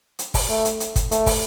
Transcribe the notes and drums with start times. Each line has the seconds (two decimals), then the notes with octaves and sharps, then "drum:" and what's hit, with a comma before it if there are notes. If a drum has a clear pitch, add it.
0.19 drum: hi-hat
0.34 drum: kick, open hi-hat
0.49 A3
0.65 drum: hi-hat
0.80 drum: hi-hat
0.96 drum: kick, hi-hat
1.11 A3, drum: hi-hat
1.26 drum: kick, open hi-hat